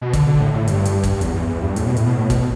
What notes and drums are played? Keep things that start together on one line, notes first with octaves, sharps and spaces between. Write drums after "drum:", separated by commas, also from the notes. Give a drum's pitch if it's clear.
B2
D3, drum: kick, hi-hat
D3
A2
A2
G2, drum: hi-hat
drum: hi-hat
drum: kick, hi-hat
G2
E2, drum: hi-hat
E2
E2
G2
A2, drum: hi-hat
B2
A2, drum: hi-hat
B2
A2
B2, drum: kick, hi-hat